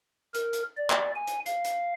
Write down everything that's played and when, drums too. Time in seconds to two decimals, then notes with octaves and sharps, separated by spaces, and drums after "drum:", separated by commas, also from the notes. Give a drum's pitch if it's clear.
0.34 A#4, drum: hi-hat
0.53 drum: hi-hat
0.77 D5
0.90 drum: clap
1.16 G#5
1.27 drum: hi-hat
1.46 F5, drum: hi-hat
1.64 drum: hi-hat